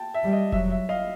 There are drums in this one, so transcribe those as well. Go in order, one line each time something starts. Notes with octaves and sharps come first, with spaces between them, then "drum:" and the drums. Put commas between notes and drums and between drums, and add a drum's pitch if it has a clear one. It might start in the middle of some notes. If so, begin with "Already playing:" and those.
Already playing: G5 A5
E5
G3
D#5
F#3 E5, drum: kick F1
E5
D#5 F5